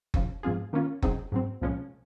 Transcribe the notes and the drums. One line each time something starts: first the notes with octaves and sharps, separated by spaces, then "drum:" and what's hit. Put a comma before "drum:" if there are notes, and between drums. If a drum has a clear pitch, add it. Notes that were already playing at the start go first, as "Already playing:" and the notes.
D#2 C#3 F3, drum: kick F#1
G#2 F3 C4 F4 G#4
D#3 A#3 C#4 F4
C#3 F#3 C4 D#4 G#4, drum: kick F#1
G#2 F#3 C4
C2 A#2 F3 G#3 C#4